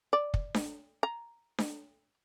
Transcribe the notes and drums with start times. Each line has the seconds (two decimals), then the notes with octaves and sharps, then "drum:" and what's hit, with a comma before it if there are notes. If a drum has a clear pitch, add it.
0.13 D5
0.34 drum: kick
0.54 drum: snare D4
1.03 A#5
1.58 drum: snare D4